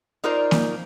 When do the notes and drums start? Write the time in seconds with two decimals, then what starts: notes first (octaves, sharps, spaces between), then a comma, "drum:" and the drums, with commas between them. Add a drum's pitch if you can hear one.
0.24 D#4 F4 A#4 C5 D5
0.51 drum: snare A#3